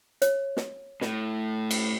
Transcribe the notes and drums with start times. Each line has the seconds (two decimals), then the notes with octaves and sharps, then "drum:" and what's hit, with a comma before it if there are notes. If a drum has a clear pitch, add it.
0.22 C#5, drum: hi-hat
0.57 drum: snare
1.01 A2, drum: snare
1.71 drum: cymbal